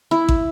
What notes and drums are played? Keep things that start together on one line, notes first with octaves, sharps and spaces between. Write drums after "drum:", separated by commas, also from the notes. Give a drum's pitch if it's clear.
E4
drum: kick